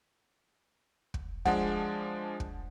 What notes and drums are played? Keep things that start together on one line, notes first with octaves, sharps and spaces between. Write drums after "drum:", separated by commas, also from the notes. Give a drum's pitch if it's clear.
drum: kick
F3 G#3 D4 F#5, drum: kick
drum: kick